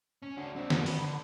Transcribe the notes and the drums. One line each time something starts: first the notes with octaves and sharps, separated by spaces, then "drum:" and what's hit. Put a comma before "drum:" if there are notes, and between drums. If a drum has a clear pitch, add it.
C#4
D4 F#4
C4 D4
F#2 D4, drum: snare
F#5 B5, drum: open hi-hat
D3